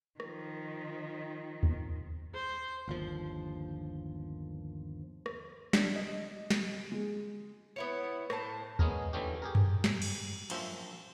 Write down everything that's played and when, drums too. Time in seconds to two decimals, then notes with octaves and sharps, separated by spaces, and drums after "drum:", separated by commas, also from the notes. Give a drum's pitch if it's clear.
0.20 D#3 F3, drum: rim click
1.63 drum: kick D#2
2.34 C5
2.88 G1 D#2 F3
5.26 drum: rim click
5.73 D4, drum: snare
5.96 D#5
6.50 drum: snare
6.92 G#3
7.76 B3 E4 C#5
8.30 A2 C5 A5, drum: rim click
8.79 G#3 B3 C#4 G#4 A#4, drum: kick D#2
9.13 D3 E3 A3 C4 C#4 G4
9.42 G4 G#4 A#4
9.55 drum: tom F#2
9.84 drum: snare
10.02 drum: cymbal
10.50 A#1 F#2 F3 C5 E5, drum: cymbal